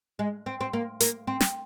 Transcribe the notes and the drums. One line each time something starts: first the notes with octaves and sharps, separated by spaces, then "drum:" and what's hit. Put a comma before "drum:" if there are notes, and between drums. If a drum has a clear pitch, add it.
G#3
C4
C4
A#3
A#3, drum: hi-hat
C4
drum: snare